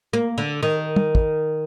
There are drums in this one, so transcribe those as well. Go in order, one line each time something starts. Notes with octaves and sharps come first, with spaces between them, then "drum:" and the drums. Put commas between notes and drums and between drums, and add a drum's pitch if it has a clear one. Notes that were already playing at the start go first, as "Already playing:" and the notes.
A#3
D3
D#3
drum: tom
drum: kick